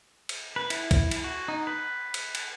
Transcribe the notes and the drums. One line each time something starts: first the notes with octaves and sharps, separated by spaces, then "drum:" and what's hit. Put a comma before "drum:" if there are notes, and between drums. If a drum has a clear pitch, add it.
drum: cymbal
B4
E4, drum: cymbal
drum: kick, cymbal
drum: cymbal
F#4
D#4
B4
drum: cymbal
drum: cymbal